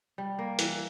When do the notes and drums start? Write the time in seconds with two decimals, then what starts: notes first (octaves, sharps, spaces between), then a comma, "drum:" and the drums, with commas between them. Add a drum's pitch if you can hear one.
0.18 G3
0.39 A#3
0.59 E3, drum: hi-hat